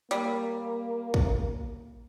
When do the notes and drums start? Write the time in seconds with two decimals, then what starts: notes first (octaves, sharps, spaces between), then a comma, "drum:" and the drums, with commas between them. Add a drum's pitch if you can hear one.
0.11 G3 A#3, drum: hi-hat
1.14 drum: kick